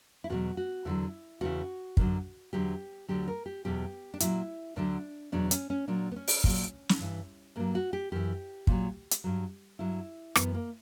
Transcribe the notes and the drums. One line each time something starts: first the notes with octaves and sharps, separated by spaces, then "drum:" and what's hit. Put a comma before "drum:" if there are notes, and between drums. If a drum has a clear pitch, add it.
E4
E2 B2 F#3 F#4
F#4
E2 D3 F#3 E4
E2 C#3 E3 F#4
F#2 D3 F#3, drum: kick
E2 D3 F#3 G4
D2 D3 F#3 G4
A#4
G4
E2 B2 F#3 G4
D4
A#2 F#3 E4, drum: hi-hat
D2 D3 F#3 D4
E2 B2 F#3 D4
C#4, drum: hi-hat
C#4
A#2 F#3 D4
B3
C#4
drum: open hi-hat
A#2 F#3, drum: kick
drum: snare
G2 E3
G2 F#3 A#3
F#4
G4
F#2 E3 G4
A#2 F#3, drum: kick
drum: hi-hat
G2 F#3
G2 F#3 E4
F#2 E3 B3, drum: rim click
A#3